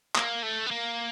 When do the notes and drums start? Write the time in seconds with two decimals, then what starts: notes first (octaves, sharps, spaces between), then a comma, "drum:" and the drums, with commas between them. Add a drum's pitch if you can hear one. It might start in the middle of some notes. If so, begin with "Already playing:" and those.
0.15 A#3, drum: clap
0.43 A3
0.66 B3
0.71 A#3